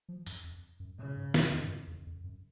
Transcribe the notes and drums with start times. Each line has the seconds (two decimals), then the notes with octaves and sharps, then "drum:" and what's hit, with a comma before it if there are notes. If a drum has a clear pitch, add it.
0.09 F3
0.26 F#2, drum: tambourine
0.44 F2
0.80 F#2
0.98 A#2 C#3
1.16 G#2
1.34 F#2, drum: snare
1.52 F2
1.63 G#2
1.69 F#2
1.88 F2
2.06 F2
2.24 F#2